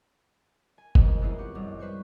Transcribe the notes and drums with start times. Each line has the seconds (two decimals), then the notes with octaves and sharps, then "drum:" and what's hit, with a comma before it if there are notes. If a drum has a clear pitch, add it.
0.78 G#5
0.95 F2 B2 D#3 G#3, drum: kick F#1
1.21 A#3 B3 C#4 E4 F4 G#4
1.39 G4 F#5 C#6
1.55 A#1 F#2 G3 G#3
1.79 B4 C5 C#6 G6